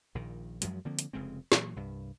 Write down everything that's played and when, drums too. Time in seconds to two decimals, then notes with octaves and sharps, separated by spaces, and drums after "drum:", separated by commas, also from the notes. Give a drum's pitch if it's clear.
0.15 A#1 A#2 D#3
0.62 F#2 F3 F#3 G#3, drum: hi-hat
0.85 D3 F3 A#3 C4
0.99 drum: hi-hat
1.13 F1 C#3 G#3 C4
1.52 A#2 E3 F#3, drum: snare
1.76 C2 G2